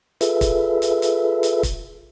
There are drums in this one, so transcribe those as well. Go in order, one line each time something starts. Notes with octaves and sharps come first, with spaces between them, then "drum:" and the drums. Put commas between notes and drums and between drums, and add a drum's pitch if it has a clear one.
F4 G#4 A4 B4 E5, drum: hi-hat
drum: kick, hi-hat
drum: hi-hat
drum: hi-hat
drum: hi-hat
drum: kick, hi-hat